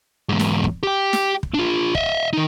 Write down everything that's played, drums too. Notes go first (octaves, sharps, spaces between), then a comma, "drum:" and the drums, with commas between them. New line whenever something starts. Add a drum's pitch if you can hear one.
E2 G#2
drum: snare
drum: kick
G4 G5
drum: snare
drum: kick
D4 F4
D#5 E5, drum: kick
D#3 D#4